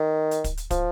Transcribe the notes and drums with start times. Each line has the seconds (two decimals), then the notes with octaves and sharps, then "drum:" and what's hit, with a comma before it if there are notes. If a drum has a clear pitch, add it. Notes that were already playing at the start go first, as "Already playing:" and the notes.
Already playing: D#3
0.31 drum: hi-hat
0.44 drum: kick, hi-hat
0.57 drum: hi-hat
0.71 F3, drum: kick, hi-hat